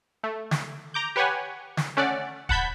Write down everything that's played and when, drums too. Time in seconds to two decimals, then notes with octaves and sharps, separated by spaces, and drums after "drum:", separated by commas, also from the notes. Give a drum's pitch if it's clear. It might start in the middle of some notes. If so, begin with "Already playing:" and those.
0.24 A3
0.51 drum: snare
0.94 A#5 D6 G6
1.16 G4 B4 C#5 F#5 G#5
1.77 drum: snare
1.97 A3 C#4 D5 F#5
2.49 F#5 A5 B5 G6 G#6 B6, drum: kick